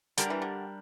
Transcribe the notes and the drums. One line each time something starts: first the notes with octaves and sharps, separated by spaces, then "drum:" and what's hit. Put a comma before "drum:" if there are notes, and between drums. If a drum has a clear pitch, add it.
D3 G3 D4 G4 A#4, drum: hi-hat
E3
D3